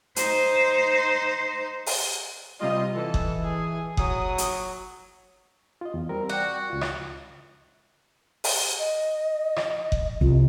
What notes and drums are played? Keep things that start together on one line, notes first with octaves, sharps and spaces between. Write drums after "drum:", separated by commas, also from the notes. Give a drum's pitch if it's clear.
D#4 C5, drum: hi-hat
drum: open hi-hat
C3 G3 F4 D#5
E3 A4
drum: kick F#1
G#4
F#3 D#6, drum: kick F#1
drum: hi-hat
F4 D#5
E2
G3 C4 A#4
F#4 D5 G5
C#2 F4
drum: rim click
drum: open hi-hat
D#5
drum: rim click
drum: kick F#1
C2 F4